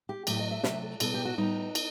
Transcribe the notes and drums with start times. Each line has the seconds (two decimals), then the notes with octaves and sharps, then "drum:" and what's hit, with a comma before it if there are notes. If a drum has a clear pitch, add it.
0.09 G4
0.27 A2 F#3 A3 G4, drum: cymbal
0.39 D#5
0.51 E5
0.63 C3 F#3 A3 E5, drum: snare
0.82 A4
1.00 B2 G3 B3 A4, drum: cymbal
1.14 G4
1.25 F#4
1.38 A2 G3 B3 D#4
1.75 drum: cymbal